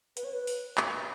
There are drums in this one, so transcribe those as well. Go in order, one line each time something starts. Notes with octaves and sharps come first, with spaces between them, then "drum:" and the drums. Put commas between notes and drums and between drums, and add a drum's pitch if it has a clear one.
B4, drum: hi-hat
C#5
B4
drum: open hi-hat
drum: clap